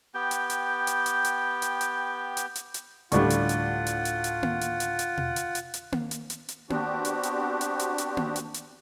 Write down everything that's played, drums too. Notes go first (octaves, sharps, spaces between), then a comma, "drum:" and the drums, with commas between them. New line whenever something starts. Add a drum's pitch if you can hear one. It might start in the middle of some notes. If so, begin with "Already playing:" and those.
B3 G4 G5
drum: hi-hat
drum: hi-hat
drum: hi-hat
drum: hi-hat
drum: hi-hat
drum: hi-hat
drum: hi-hat
drum: hi-hat
drum: hi-hat
drum: hi-hat
D2 A2 G3 D4 F4 F#5 C#6, drum: hi-hat
drum: hi-hat
drum: hi-hat
drum: hi-hat
drum: hi-hat
drum: hi-hat
drum: tom A#3
drum: hi-hat
drum: hi-hat
drum: hi-hat
drum: tom B2
drum: hi-hat
drum: hi-hat
drum: hi-hat
drum: tom A#3
drum: hi-hat
drum: hi-hat
drum: hi-hat
B3 C4 D4 F#4 G4, drum: tom A#3
drum: hi-hat
drum: hi-hat
drum: hi-hat
drum: hi-hat
drum: hi-hat
drum: tom A#3
drum: hi-hat
drum: hi-hat